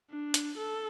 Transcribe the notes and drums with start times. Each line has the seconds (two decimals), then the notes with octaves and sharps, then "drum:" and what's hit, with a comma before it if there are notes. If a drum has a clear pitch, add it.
0.10 D4
0.34 drum: hi-hat
0.58 A4